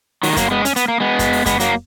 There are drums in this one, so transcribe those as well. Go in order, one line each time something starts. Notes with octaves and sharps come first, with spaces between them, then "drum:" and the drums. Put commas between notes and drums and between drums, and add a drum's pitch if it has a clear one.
D#3 F#3, drum: open hi-hat
G#3
F#3 A#3, drum: kick F#2, hi-hat
G#3 B3
C#4, drum: hi-hat
B3, drum: hi-hat
A#3
G#3 B3
drum: kick F#2, hi-hat
drum: open hi-hat
G#3 B3, drum: kick F#2, hi-hat
F#3 A#3, drum: hi-hat